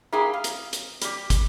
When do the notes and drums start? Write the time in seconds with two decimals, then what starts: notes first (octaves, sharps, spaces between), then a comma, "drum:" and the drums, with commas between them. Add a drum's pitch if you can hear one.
0.12 A#3 E4 G4 G#4
0.33 F5
0.44 drum: hi-hat
0.73 drum: hi-hat
1.02 G3 G4, drum: hi-hat
1.30 drum: kick, hi-hat